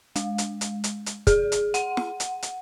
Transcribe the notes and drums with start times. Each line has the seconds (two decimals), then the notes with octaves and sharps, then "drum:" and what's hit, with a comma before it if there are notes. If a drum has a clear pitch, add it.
0.16 G#3, drum: hi-hat
0.38 drum: hi-hat
0.61 drum: hi-hat
0.84 drum: hi-hat
1.06 drum: hi-hat
1.27 G#4, drum: kick, hi-hat
1.52 drum: hi-hat
1.74 F#5, drum: hi-hat
1.97 drum: snare
2.20 drum: hi-hat
2.43 drum: hi-hat